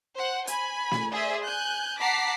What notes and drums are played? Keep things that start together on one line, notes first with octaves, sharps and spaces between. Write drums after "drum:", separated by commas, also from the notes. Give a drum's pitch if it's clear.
C5 F#5
G#5 B5, drum: hi-hat
drum: snare
G#4 C5 D5 E5
G#5 F#6 G6
F#5 A5 A#5 D6 B6 C7